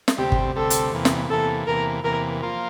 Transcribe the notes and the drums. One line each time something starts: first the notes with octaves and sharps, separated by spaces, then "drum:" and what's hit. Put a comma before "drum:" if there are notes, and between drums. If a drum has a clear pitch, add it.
drum: snare
D2 C3 G3 C4 G4
drum: kick
D2 C3 G3 C4 A4
drum: hi-hat
E2 C3 E3 A#3
drum: snare
E2 C3 E3 A#3 A4
E2 C3 E3 A#3 A#4
E2 C3 E3 A#3 A#4
F3 A#3 F4 A#4